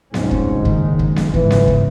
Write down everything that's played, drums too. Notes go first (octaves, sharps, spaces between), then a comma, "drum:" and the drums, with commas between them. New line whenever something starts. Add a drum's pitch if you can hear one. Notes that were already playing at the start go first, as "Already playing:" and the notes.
C2 F2 G#2 C#4, drum: snare B3
drum: kick
F#1 D#3 G#3
drum: kick
drum: kick
drum: snare B3
G#2 C#3 E3, drum: kick
drum: snare B3
drum: kick